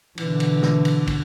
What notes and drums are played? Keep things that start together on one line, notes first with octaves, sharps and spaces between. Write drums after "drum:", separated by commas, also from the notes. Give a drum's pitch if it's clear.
B2 D3 E3, drum: cymbal
drum: cymbal
drum: snare
drum: cymbal
drum: kick, cymbal